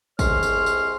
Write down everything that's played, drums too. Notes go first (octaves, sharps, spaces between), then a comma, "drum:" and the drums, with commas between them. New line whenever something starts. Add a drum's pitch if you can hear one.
C2 G#3 C#5 C6 F6, drum: kick, tambourine
drum: tambourine
drum: tambourine